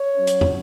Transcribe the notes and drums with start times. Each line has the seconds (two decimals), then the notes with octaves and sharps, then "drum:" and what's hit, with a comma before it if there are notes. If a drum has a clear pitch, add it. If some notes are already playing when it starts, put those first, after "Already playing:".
Already playing: C#5
0.17 F#3 C#4
0.27 drum: hi-hat
0.41 drum: tom